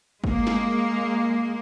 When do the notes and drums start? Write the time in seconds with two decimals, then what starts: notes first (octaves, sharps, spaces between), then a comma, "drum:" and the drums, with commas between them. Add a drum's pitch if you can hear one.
0.24 G#3 A#3, drum: kick
0.47 drum: snare